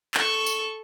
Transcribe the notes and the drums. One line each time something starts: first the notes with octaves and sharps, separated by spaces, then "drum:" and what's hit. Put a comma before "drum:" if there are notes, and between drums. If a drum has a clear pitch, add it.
A4 C#6, drum: clap
drum: tambourine